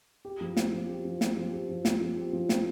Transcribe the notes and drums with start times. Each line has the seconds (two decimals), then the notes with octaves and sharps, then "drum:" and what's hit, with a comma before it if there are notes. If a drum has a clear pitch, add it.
0.25 G4
0.41 F3
0.57 C4, drum: snare
0.73 F3
0.89 G4
1.05 F3
1.21 C4, drum: snare
1.37 F3
1.53 G4
1.69 F3
1.85 C4, drum: snare
2.01 F3
2.17 G4
2.33 F3
2.49 C4, drum: snare